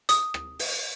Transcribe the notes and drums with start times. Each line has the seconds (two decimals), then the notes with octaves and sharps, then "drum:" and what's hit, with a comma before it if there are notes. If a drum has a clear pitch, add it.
0.09 D#6, drum: hi-hat
0.34 drum: rim click
0.59 drum: open hi-hat